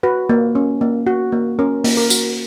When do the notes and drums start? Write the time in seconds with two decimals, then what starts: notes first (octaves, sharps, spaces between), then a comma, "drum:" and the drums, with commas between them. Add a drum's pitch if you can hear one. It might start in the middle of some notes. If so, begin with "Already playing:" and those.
0.03 F#4 B4
0.29 A#3
0.55 C#4
0.81 A#3
1.07 F#4
1.32 A#3
1.59 C#4 A#4
1.84 A#3, drum: open hi-hat
1.97 A#4
2.10 F#4, drum: tambourine